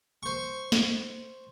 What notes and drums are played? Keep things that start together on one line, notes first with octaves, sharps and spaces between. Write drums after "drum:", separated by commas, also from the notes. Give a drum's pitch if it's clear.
C5 C#6
drum: snare